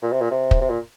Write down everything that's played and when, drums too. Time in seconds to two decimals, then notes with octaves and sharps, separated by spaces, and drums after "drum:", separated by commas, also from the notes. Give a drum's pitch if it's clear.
0.03 A#2
0.12 C3
0.21 A#2
0.31 C3
0.51 drum: kick
0.61 C3
0.70 A#2